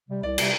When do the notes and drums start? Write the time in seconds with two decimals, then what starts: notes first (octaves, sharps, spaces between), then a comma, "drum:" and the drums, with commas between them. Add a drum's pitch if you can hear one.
0.08 C3 G3
0.23 C2 D5
0.38 C3 G3, drum: cymbal